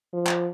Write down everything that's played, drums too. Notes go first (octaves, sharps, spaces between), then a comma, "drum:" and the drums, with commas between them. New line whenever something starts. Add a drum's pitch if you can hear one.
F3
drum: clap